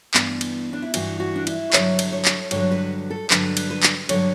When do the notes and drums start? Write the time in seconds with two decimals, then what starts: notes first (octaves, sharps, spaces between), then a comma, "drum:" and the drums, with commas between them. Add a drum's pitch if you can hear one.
0.14 G2 E3 B3, drum: clap
0.41 drum: cymbal
0.73 D4
0.82 E4
0.94 G2 E3 F#4, drum: cymbal
1.20 F#4
1.36 D4
1.47 E4, drum: cymbal
1.73 G2 D3 F#3 C#5, drum: clap
1.99 drum: cymbal
2.12 C#5
2.25 drum: clap
2.51 G2 D3 F#3 C#5, drum: cymbal
2.72 B4
3.11 A4
3.30 G2 D3 F#3 B4, drum: clap
3.57 drum: cymbal
3.70 B4
3.83 drum: clap
4.09 G2 D3 F#3 C#5, drum: cymbal